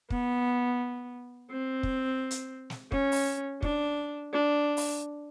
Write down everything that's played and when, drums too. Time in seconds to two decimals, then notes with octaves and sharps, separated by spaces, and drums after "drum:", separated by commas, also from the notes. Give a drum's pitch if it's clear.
0.10 B3, drum: kick
1.52 C4
1.83 drum: kick
2.31 drum: hi-hat
2.70 drum: snare
2.92 C#4, drum: kick
3.12 drum: open hi-hat
3.63 D4, drum: kick
4.33 D4
4.77 drum: open hi-hat